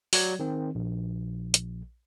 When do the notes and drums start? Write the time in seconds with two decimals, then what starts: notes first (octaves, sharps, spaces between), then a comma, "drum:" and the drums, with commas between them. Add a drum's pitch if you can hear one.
0.13 F#3 C#5 D5 G#6, drum: open hi-hat
0.39 D#3 C4
0.75 A#1
1.54 drum: hi-hat